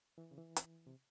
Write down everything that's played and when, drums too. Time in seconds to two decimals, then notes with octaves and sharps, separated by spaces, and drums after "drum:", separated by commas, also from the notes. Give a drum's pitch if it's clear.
0.18 E3
0.31 C#3
0.38 E3
0.56 drum: hi-hat
0.87 C3